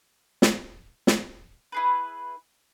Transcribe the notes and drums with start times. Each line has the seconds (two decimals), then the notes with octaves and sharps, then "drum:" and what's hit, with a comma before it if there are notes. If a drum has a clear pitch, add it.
0.42 drum: snare
1.07 drum: snare
1.72 E4 G#4 B4